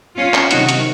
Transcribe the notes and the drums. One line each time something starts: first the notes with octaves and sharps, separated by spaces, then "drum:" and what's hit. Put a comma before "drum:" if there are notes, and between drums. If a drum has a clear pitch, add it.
C#4 F4
drum: clap
C3 D#3 F#3 D#4 F#4, drum: hi-hat
drum: hi-hat